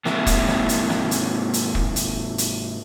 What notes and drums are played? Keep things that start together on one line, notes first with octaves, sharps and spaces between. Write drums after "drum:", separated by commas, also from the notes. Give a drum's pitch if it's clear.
G#2 C3 A#3 E4, drum: snare
drum: kick, hi-hat
drum: snare
drum: hi-hat
drum: snare
drum: hi-hat
drum: hi-hat
drum: kick
drum: hi-hat
drum: hi-hat